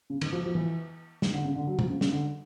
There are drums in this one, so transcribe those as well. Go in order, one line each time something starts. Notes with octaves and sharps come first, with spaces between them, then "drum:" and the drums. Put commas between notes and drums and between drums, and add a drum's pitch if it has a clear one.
C#3
D#3, drum: cymbal
F3
F3
E3
D#3, drum: snare
D3
C#3
D3
F#3
F3, drum: tom B2
C#3
C#3, drum: snare
D3